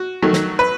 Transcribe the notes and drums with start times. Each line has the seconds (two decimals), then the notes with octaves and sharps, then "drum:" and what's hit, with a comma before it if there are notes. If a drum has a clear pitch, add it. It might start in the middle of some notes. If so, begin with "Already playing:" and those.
Already playing: F#4
0.22 D#3 F#3 A3
0.33 drum: snare
0.59 B4